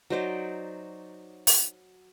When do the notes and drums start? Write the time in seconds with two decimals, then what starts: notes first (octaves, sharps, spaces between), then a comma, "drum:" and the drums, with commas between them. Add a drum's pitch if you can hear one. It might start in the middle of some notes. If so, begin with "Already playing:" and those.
0.10 F#3 D#4 C5 D5
1.47 drum: open hi-hat